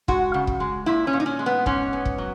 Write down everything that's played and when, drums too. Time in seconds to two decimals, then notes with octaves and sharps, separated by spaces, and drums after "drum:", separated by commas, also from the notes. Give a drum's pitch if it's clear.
0.08 G#3 F#4, drum: kick
0.34 C#3
0.47 drum: kick
0.60 G#3
0.86 A#2 E4
1.07 C#4
1.13 A#2
1.20 D#4
1.26 C#4
1.39 G#3
1.46 B3
1.66 G#2 C#4, drum: kick
1.93 B3
2.05 drum: kick
2.18 F#3